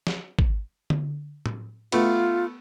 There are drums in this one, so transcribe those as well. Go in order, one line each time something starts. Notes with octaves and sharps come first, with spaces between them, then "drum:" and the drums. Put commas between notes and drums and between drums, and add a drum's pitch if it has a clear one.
drum: snare
drum: kick
drum: tom D3
drum: tom A2
A3 B3 F4, drum: cymbal